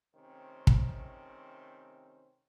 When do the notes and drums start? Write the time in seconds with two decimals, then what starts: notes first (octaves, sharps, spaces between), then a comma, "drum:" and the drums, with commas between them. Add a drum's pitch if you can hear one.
0.15 C3 D#3 A3 C#4 C5
0.67 drum: kick